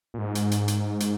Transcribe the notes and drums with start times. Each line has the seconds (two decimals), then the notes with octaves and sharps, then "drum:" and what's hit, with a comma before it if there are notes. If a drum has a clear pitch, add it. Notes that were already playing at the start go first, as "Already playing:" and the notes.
0.14 A#2
0.18 G#2
0.35 drum: hi-hat
0.51 drum: hi-hat
0.68 drum: hi-hat
1.00 drum: hi-hat